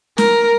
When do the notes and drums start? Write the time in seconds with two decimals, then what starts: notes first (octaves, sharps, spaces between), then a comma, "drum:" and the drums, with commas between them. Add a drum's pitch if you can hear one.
0.18 A#4, drum: snare